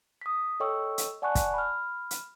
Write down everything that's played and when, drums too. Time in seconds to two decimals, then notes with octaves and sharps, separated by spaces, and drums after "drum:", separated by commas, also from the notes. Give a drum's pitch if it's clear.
0.21 D#6 B6
0.60 A4 C#5 D#5 G5 C#6 E6
0.98 drum: hi-hat
1.22 D5 F#5 G#5 A5 C#6 F#6
1.35 drum: kick, hi-hat
1.54 B5 F6
2.11 drum: hi-hat